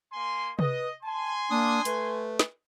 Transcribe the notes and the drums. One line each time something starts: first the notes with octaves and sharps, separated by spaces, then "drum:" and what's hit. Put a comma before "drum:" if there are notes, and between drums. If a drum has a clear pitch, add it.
A#3 G#5 C6
B4 D#5, drum: tom C3
G#5 A5 C6
A#3 D4 D#6
A3 B4, drum: hi-hat
drum: snare